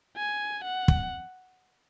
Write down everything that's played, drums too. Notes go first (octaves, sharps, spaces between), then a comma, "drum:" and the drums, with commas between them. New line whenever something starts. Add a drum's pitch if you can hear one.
G#5
F#5
drum: kick